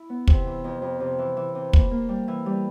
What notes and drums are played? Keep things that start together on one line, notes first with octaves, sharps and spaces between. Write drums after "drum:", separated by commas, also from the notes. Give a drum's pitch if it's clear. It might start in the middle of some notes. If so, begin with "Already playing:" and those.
Already playing: E4
B3
C3, drum: kick
E3
F2
F2
C3
E3
E3
C3
A#3, drum: kick
A#3
G3
E3
G3